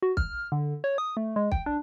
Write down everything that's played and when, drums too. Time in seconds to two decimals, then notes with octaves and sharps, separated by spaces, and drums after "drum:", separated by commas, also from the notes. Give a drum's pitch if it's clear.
0.02 F#4
0.17 F6, drum: kick
0.52 D3
0.84 C#5
0.98 D#6
1.17 A3
1.36 G#3
1.52 G5, drum: kick
1.66 D4